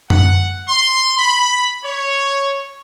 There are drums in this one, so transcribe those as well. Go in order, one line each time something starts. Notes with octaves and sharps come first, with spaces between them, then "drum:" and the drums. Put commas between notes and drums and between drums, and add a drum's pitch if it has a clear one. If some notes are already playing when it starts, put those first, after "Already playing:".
F#5, drum: tom F#2
C6
B5
C#5